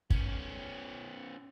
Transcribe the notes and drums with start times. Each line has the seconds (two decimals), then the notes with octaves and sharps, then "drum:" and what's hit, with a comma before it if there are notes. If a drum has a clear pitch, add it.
0.10 B3 C#4, drum: kick